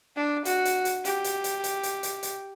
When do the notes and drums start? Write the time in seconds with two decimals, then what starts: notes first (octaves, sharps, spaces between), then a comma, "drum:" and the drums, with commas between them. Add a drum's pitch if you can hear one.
0.16 D4
0.45 F#4, drum: hi-hat
0.65 drum: hi-hat
0.85 drum: hi-hat
1.05 G4, drum: hi-hat
1.24 drum: hi-hat
1.44 drum: hi-hat
1.64 drum: hi-hat
1.83 drum: hi-hat
2.03 drum: hi-hat
2.23 drum: hi-hat